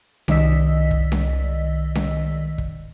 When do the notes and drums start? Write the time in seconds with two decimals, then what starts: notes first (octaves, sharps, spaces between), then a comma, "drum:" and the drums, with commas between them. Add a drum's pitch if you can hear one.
0.28 C2 D#3 D5 D#5 E6 B6, drum: snare C#4
0.91 drum: kick
1.12 drum: snare C#4
1.95 drum: snare C#4
2.58 drum: kick